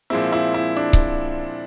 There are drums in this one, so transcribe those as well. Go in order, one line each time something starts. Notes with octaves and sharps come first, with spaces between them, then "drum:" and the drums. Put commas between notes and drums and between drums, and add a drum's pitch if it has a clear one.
A#2 F3 G#3 C4 E4
E4
E4
D4
drum: kick C#1